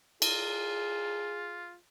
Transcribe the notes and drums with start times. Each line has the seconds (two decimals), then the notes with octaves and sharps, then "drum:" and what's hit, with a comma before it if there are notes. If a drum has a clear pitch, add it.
0.22 F4 G#4, drum: cymbal